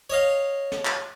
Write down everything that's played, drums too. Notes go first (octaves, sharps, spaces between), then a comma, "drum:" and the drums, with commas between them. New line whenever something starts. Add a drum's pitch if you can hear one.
C#5 D#5 F5
drum: snare
drum: clap